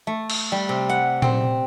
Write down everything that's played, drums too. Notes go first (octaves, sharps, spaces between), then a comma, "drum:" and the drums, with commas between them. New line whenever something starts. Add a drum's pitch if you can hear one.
A3
drum: cymbal
G3
C3
F#5
C4, drum: tom A#2